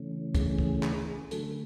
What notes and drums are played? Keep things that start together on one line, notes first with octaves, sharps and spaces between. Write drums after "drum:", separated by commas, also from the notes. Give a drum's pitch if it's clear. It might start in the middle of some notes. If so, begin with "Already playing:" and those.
Already playing: C#3 E3 A3 C#4
G#4, drum: kick, hi-hat
drum: kick
drum: clap
D3 F#3 A3 A4, drum: hi-hat